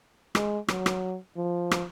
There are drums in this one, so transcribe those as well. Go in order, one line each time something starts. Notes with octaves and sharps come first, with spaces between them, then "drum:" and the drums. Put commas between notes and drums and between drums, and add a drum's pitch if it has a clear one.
G#3, drum: rim click
F#3, drum: rim click
drum: rim click
F3
drum: rim click